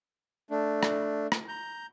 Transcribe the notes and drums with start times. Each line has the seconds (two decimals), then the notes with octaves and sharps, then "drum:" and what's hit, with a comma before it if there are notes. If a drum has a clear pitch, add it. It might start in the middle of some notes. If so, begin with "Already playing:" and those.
0.50 A3 D4
0.83 drum: rim click
1.32 drum: rim click
1.48 A#5 G6